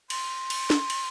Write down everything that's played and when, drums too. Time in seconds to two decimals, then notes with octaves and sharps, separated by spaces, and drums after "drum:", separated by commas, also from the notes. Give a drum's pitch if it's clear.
0.10 C6, drum: cymbal
0.50 drum: cymbal
0.70 drum: snare
0.90 drum: cymbal